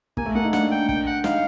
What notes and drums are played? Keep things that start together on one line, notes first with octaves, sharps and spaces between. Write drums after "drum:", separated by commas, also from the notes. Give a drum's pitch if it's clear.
A#3 G#5, drum: kick
A3
A#3 F#5
D#4
D4 F#5, drum: snare
G5
G5, drum: kick
F#5
D#4 F5, drum: snare